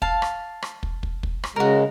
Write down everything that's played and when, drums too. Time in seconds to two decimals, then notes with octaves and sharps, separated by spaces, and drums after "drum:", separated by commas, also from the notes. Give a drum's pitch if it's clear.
0.02 F5 A5, drum: kick
0.22 drum: rim click
0.62 drum: rim click
0.83 drum: kick
1.03 drum: kick
1.23 drum: kick
1.44 drum: rim click
1.56 C#3 G#3 F#4 A#4